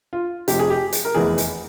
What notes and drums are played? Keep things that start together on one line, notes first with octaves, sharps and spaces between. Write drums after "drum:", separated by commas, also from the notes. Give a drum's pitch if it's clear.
F4
F1 F2 C3 F3 G4, drum: hi-hat
G#4
G4
drum: hi-hat
A#4
F1 E2 E3 G#4
drum: hi-hat